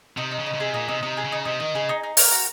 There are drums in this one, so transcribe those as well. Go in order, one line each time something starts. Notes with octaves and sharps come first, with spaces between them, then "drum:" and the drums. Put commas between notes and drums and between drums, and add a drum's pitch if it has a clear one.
C3 D#4
D#4
C#3
D#5
C#3
C3 G#4
A#2 D#4
C3 D#4
C3 D#5
G#4
C#3
D#4
C3 D#4
D#3 D#5
C#3 G#4
D#4
D#4
A#4, drum: open hi-hat
F#4